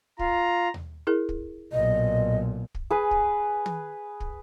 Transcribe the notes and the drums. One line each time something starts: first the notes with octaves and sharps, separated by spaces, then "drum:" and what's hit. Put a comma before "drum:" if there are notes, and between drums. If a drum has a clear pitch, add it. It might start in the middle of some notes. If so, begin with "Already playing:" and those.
F4 A#5, drum: kick
drum: tom D#2
E4 G#4 A#4
drum: kick
B1 A#2 D#5
drum: kick
G#4 B4
drum: kick
drum: tom
drum: kick